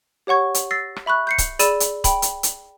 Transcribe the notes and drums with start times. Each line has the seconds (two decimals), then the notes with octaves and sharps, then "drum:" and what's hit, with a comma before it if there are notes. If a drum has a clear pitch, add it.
0.27 G4 C#5 F#5 C#6 G#6
0.55 drum: hi-hat
0.71 E6 A6 A#6 C7
0.96 drum: rim click
1.06 E5 B5 C#6 F#6
1.27 G6 C7 C#7
1.38 drum: kick C#1, hi-hat
1.59 G#4 D5 B5 E6 D#7 E7, drum: hi-hat
1.80 drum: hi-hat
2.04 G5 B5, drum: kick C#1, hi-hat
2.22 drum: hi-hat
2.43 drum: hi-hat